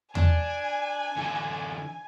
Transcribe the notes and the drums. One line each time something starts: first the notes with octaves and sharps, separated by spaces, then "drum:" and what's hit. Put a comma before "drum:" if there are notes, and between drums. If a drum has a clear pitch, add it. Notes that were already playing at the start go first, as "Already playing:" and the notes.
D4 G#5, drum: tom E2
D3 E3 A4